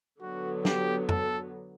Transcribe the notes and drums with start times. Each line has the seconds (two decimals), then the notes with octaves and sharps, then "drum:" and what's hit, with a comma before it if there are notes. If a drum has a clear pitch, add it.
0.21 D3 F#3 B3 F#4
0.65 G4, drum: snare
1.09 A4, drum: tom